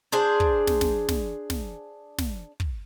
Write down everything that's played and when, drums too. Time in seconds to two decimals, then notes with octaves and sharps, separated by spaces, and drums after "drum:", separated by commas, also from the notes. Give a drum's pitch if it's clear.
0.12 D4 G#4 C5
0.40 drum: kick
0.67 drum: snare
0.81 drum: snare
1.09 drum: snare
1.50 drum: snare
2.18 drum: snare
2.60 drum: kick